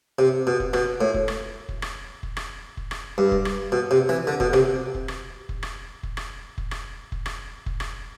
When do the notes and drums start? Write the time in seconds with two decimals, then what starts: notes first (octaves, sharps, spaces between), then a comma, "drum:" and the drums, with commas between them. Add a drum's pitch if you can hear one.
0.19 C3
0.47 B2
0.60 drum: kick F1
0.73 B2, drum: rim click
1.01 A2
1.14 drum: kick F1
1.28 drum: rim click
1.69 drum: kick F1
1.82 drum: rim click
2.23 drum: kick F1
2.37 drum: rim click
2.77 drum: kick F1
2.91 drum: rim click
3.18 G2
3.32 drum: kick F1
3.45 drum: rim click
3.72 B2
3.91 C3
4.09 E3
4.27 D3
4.40 B2, drum: kick F1
4.53 C3, drum: rim click
4.95 drum: kick F1
5.08 drum: rim click
5.49 drum: kick F1
5.63 drum: rim click
6.03 drum: kick F1
6.17 drum: rim click
6.58 drum: kick F1
6.71 drum: rim click
7.12 drum: kick F1
7.26 drum: rim click
7.66 drum: kick F1
7.80 drum: rim click